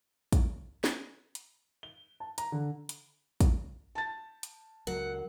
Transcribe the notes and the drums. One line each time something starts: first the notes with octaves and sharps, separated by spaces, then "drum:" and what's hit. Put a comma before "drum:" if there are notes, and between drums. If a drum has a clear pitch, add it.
drum: kick, hi-hat
drum: snare
drum: hi-hat
G7
A5
A#5, drum: hi-hat
D3
drum: hi-hat
drum: kick, hi-hat
A5 A6
drum: hi-hat
C#2 F#3 A#4 F#5